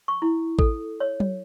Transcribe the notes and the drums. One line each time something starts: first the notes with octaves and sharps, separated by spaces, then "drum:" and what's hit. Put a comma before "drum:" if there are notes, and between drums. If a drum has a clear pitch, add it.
C#6
E4
A4, drum: kick A1
C#5
drum: tom F#3